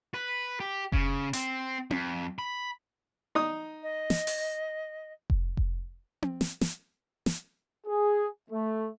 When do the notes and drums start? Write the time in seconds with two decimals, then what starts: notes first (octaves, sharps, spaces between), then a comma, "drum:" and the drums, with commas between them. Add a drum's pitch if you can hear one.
0.14 B4
0.60 G4
0.92 C#3, drum: kick F1
1.33 C4, drum: hi-hat
1.91 F2, drum: tom C4
2.39 B5
3.35 D#4 D#6
3.82 D#5
4.10 drum: snare
4.27 drum: open hi-hat
5.30 drum: kick F1
5.57 drum: kick F1
6.22 drum: tom C4
6.41 drum: snare
6.61 drum: snare
7.26 drum: snare
7.87 G#4
8.51 A3